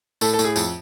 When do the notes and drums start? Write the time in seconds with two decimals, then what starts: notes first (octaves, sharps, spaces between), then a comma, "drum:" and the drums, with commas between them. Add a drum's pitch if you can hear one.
0.21 A2 A4, drum: tambourine
0.34 A4
0.39 A2, drum: tambourine
0.44 G#4
0.56 F2, drum: tambourine